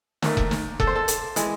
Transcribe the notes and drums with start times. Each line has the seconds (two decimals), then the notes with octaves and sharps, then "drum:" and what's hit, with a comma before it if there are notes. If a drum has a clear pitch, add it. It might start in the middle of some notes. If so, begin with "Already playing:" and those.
0.22 D#2 D#3 A3, drum: snare
0.37 drum: kick F1
0.51 drum: snare
0.80 A4, drum: kick F1
0.87 C5
0.96 A4
1.08 drum: hi-hat
1.36 E3 G#3, drum: hi-hat